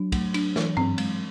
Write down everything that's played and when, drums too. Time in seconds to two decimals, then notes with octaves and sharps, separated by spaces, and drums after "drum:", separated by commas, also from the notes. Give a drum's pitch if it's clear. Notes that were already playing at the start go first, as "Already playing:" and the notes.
Already playing: F#3 D4
0.12 A3, drum: kick, cymbal
0.34 D4, drum: cymbal
0.56 E3, drum: snare
0.77 C4, drum: tom G2
0.98 G#3, drum: cymbal